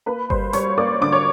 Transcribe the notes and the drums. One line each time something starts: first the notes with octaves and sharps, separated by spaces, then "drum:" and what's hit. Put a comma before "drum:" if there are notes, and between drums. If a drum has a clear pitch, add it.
A#3 B4 B5
G3 C5 C6, drum: kick G1
G3 C#5 C#6, drum: hi-hat
A#3 D5 D6
D3 D6
C#5 C#6